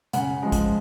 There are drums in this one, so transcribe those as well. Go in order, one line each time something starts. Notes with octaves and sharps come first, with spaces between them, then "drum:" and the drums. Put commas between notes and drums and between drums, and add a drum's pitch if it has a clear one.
C#3 F#5, drum: hi-hat
F3 G#3
drum: kick, hi-hat